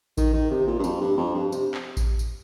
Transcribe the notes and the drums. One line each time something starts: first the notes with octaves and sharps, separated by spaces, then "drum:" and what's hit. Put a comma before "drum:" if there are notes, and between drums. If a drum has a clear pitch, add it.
D#3, drum: kick A1, tambourine
D#3
C3
A#2
G2
F2, drum: tambourine
G2
F2
G2
C3, drum: tambourine
drum: clap
drum: kick A1, tambourine
drum: tambourine